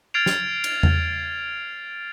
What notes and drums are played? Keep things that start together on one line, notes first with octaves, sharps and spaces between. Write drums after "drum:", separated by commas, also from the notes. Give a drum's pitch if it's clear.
F6 G#6 A6 C7 D7 F7
drum: snare
drum: cymbal
drum: tom E2